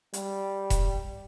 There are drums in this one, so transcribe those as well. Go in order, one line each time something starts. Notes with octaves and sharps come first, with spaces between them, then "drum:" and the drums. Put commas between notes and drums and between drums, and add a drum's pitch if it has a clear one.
G3, drum: hi-hat
drum: kick E1, hi-hat